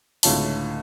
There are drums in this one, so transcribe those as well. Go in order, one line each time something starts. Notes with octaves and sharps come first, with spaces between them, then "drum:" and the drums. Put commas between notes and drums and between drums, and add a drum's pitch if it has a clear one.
C#2 A2 D3 F4 C#5 A5, drum: open hi-hat